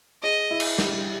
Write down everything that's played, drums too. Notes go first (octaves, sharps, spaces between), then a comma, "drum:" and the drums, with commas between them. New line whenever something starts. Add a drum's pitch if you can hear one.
G#4 D#5
E4
drum: cymbal
G3, drum: snare